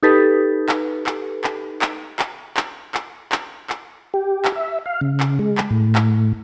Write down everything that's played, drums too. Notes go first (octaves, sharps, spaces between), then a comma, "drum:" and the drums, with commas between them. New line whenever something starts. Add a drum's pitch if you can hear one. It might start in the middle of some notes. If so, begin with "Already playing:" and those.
D#4 G4 A4 B4
drum: clap
drum: clap
drum: clap
drum: clap
drum: clap
drum: clap
drum: clap
drum: clap
drum: clap
G4
drum: clap
E5
F5
C#3
drum: clap
G#3
drum: clap
A2
drum: clap